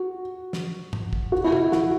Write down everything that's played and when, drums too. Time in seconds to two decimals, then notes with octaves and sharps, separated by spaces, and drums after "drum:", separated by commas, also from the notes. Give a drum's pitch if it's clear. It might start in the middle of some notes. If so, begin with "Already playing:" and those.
Already playing: F#4
0.53 drum: snare
0.93 drum: tom G2
1.13 drum: kick
1.32 F#4
1.44 E4
1.52 F#4, drum: tom
1.72 F#4, drum: snare